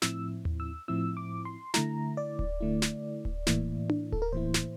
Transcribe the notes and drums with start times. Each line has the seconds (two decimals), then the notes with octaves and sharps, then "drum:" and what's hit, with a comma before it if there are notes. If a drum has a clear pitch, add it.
0.02 A2 F3 C4 E4 E6, drum: snare
0.45 drum: tom D#2
0.60 E6
0.88 A2 F3 C4 E4 E6
1.17 D6
1.45 C6
1.74 D3 A3 E4 A#5, drum: snare
2.17 D5
2.39 drum: kick D1
2.60 D3 A3 E4
2.82 drum: snare
3.25 drum: kick D1
3.47 A2 E3 A#3 E4, drum: snare
3.90 drum: tom D4
4.12 A4, drum: kick D1
4.22 A#4
4.33 A2 E3 A#3 E4 C5
4.54 drum: snare